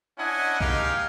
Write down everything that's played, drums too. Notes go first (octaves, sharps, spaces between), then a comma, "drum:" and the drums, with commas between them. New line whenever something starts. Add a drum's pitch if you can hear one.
C#4 D4 E4 D#5 F#5 G#5
G#3 D#4 G4 A#4 F5, drum: kick